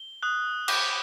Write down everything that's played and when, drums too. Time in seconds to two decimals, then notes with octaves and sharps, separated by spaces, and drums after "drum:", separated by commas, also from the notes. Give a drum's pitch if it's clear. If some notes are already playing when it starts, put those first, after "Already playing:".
Already playing: G7
0.23 D#6 F#6
0.68 D6 G6, drum: cymbal